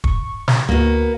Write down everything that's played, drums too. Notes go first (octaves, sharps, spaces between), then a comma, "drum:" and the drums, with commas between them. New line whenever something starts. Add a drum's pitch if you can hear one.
C#6, drum: kick
drum: snare
D2 A#3 B3 F#4